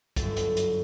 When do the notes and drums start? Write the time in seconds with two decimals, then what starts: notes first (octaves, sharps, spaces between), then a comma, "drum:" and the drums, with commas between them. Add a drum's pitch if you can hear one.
0.16 G1 F#2 A4, drum: kick C2, hi-hat
0.37 drum: hi-hat
0.57 drum: hi-hat